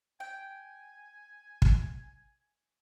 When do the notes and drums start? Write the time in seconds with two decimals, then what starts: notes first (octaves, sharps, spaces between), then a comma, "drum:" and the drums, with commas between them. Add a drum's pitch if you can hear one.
0.20 G5 G#5
1.62 drum: kick